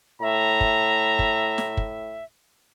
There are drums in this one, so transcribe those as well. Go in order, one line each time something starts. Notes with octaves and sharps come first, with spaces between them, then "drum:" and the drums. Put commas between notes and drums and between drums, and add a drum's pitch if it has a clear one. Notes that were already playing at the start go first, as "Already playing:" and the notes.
A2 E5 A#5
drum: kick
drum: kick
drum: snare
drum: kick